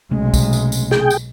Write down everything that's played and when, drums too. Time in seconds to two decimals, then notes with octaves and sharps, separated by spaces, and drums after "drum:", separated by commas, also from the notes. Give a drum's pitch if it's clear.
0.11 B1 C3 G#3 A3 C#4
0.34 drum: kick, tambourine
0.53 drum: tambourine
0.72 drum: tambourine
0.91 G#4 G5, drum: snare
1.10 drum: tambourine